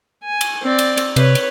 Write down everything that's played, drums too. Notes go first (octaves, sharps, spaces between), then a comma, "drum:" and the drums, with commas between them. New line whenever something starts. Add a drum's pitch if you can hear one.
G#5
drum: cymbal
C4 D5
drum: cymbal
drum: cymbal
C3 B4 C#5, drum: cymbal
drum: cymbal